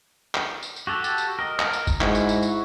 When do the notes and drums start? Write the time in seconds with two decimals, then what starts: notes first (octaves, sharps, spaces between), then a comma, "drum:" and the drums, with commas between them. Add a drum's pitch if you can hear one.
0.35 drum: clap
0.63 drum: tambourine
0.76 drum: tambourine
0.87 F#4 G4 A4
1.04 drum: tambourine
1.18 drum: tambourine
1.39 A#4 D#5
1.60 drum: clap
1.73 drum: tambourine
1.87 drum: kick G1, tambourine
2.01 G#2 E4 F#4, drum: clap
2.15 drum: tambourine
2.29 drum: tambourine
2.43 drum: tambourine